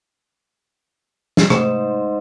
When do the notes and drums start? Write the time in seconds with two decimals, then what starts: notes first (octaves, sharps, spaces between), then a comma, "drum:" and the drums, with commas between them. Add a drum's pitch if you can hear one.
1.37 drum: snare
1.50 G#2 C3 A3 C5 E7, drum: rim click